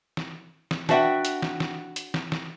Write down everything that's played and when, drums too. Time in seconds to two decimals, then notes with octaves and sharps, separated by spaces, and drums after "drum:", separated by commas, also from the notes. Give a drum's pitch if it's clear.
0.17 drum: snare
0.71 drum: snare
0.89 D4 F#4 B4 E5 F#5 G5, drum: snare
1.25 drum: hi-hat
1.42 drum: snare
1.60 drum: snare
1.96 drum: hi-hat
2.14 drum: snare
2.32 drum: snare